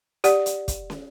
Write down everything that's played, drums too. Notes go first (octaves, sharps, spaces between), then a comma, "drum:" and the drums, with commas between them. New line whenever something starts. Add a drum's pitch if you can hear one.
G4 D5 F#5, drum: hi-hat
drum: hi-hat
drum: kick, hi-hat
drum: snare